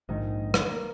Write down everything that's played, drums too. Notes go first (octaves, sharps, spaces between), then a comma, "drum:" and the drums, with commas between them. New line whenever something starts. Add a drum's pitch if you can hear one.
A#1 G#2 D#3 D#4 D#5
drum: rim click
A#3 A#4